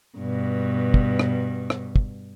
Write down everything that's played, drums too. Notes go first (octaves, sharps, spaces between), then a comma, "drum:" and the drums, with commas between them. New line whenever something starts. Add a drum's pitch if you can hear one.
G2 B2
drum: kick
drum: rim click
drum: rim click
drum: kick